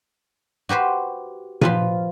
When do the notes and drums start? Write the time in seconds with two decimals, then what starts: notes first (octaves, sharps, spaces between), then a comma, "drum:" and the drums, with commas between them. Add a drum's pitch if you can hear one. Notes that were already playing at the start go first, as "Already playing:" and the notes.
0.69 F#4 G4 B4 C5
1.61 F3 F4 B4, drum: tom A#2